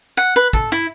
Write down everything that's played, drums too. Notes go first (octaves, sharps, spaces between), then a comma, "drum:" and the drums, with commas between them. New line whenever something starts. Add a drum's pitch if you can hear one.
F#5
B4
A4, drum: kick
E4